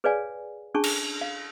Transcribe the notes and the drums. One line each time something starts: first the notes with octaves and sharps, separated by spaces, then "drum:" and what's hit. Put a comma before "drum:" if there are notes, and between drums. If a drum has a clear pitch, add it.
G#4 B4 C#5 D5 F5 G#5
C#4 D4 G#4 A5 C#6
drum: cymbal
F5